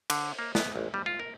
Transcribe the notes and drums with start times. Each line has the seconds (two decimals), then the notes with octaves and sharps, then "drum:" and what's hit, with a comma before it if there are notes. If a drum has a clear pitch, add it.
0.10 D3, drum: cymbal
0.39 A#3
0.55 B3, drum: snare
0.76 A1
0.94 G3
1.06 F4
1.20 A#4